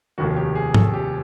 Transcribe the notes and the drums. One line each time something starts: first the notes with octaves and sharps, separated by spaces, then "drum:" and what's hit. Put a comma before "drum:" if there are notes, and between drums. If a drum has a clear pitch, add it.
F1 D#2 D#3 F#4
G4
G#4
A4, drum: tom G#2
G4